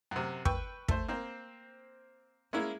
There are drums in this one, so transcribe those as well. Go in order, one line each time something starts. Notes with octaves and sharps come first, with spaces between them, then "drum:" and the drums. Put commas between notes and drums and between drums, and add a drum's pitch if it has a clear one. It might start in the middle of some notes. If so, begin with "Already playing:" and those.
F#2 C3
B4 G5 C#6 E6, drum: kick
A3 C5, drum: kick
A#3 C4 C5
G#3 A#3 C#4 E4